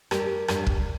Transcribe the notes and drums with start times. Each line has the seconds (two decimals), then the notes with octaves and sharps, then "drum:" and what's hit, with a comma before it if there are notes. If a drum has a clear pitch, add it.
0.11 G2 G3 G4 A#4, drum: rim click
0.48 G2 G3, drum: rim click
0.66 drum: kick